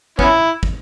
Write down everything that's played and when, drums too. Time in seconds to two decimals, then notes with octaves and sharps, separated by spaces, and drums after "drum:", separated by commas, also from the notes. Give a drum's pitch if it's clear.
0.19 B3 C#4 E4, drum: kick
0.63 drum: kick